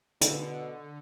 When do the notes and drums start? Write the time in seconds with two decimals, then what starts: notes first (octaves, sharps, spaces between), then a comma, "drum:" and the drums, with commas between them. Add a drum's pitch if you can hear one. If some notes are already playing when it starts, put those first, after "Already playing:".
0.21 B2 D3, drum: hi-hat